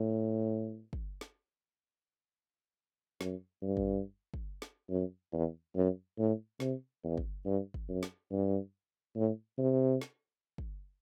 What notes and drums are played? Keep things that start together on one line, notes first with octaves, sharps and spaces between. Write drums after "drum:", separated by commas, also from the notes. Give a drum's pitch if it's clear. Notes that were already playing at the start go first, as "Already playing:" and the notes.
Already playing: A2
drum: kick
drum: snare
F#2, drum: snare
G2
drum: kick
drum: kick
drum: snare
F#2
E2
F#2
A2
C3, drum: snare
E2
drum: kick
G2
drum: kick
F#2
drum: snare
G2
A2
C3
drum: snare
drum: kick